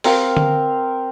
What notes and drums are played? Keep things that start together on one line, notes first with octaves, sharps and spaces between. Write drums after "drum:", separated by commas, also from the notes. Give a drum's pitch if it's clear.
C4 A#4 F5, drum: open hi-hat
drum: tom